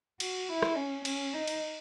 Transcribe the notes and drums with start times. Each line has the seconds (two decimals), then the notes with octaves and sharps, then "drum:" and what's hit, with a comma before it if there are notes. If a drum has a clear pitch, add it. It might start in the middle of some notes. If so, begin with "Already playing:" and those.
0.20 F#4, drum: cymbal
0.49 E4
0.62 drum: rim click
0.76 C#4
1.05 C#4, drum: cymbal
1.33 D#4
1.47 drum: cymbal